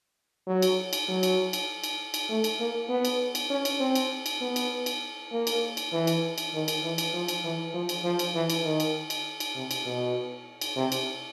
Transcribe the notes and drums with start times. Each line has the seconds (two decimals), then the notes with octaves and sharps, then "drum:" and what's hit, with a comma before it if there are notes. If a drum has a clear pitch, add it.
0.47 F#3
0.62 drum: cymbal
0.93 drum: cymbal
1.08 F#3
1.23 drum: cymbal
1.53 drum: cymbal
1.84 drum: cymbal
2.14 drum: cymbal
2.29 A3
2.44 drum: cymbal
2.60 A#3
2.89 B3
3.05 drum: cymbal
3.35 drum: cymbal
3.50 C#4
3.65 drum: cymbal
3.80 C4
3.95 drum: cymbal
4.26 drum: cymbal
4.41 B3
4.56 drum: cymbal
4.86 drum: cymbal
5.32 A#3
5.47 drum: cymbal
5.77 drum: cymbal
5.92 E3
6.07 drum: cymbal
6.38 drum: cymbal
6.53 D#3
6.68 drum: cymbal
6.83 E3
6.98 drum: cymbal
7.13 F3
7.28 drum: cymbal
7.44 E3
7.74 F3
7.89 drum: cymbal
8.04 F3
8.19 drum: cymbal
8.35 E3
8.50 drum: cymbal
8.64 D#3
8.80 drum: cymbal
9.10 drum: cymbal
9.40 drum: cymbal
9.55 C3
9.71 drum: cymbal
9.86 B2
10.61 drum: cymbal
10.76 C3
10.92 drum: cymbal